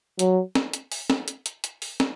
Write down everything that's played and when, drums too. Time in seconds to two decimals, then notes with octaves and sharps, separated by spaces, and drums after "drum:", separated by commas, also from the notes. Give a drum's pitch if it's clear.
0.19 F#3, drum: hi-hat
0.55 drum: snare
0.73 drum: hi-hat
0.92 drum: open hi-hat
1.10 drum: snare
1.28 drum: hi-hat
1.46 drum: hi-hat
1.64 drum: hi-hat
1.82 drum: open hi-hat
2.00 drum: snare